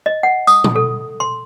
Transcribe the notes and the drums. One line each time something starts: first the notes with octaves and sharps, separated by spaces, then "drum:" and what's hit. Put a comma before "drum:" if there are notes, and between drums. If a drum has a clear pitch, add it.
D#5
F#5
D#6, drum: tambourine
drum: tom A#2
A4
C6